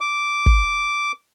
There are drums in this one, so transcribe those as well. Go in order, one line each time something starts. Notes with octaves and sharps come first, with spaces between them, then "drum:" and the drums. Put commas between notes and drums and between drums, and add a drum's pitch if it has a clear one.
D6
drum: kick